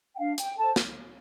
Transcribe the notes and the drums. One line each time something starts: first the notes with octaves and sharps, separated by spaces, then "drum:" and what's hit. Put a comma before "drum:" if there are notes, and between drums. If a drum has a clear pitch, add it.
G5
D4 F5
G5, drum: hi-hat
A4 C5 A5
drum: snare